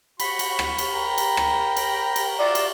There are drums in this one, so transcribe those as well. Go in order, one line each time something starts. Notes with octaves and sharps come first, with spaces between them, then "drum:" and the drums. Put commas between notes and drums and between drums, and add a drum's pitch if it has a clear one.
F#4 B5 C#6, drum: cymbal
drum: cymbal
drum: rim click
drum: cymbal
A#4 G5 A#5
drum: cymbal
drum: rim click
drum: cymbal
drum: cymbal
F4 F#4 D5 E5
drum: cymbal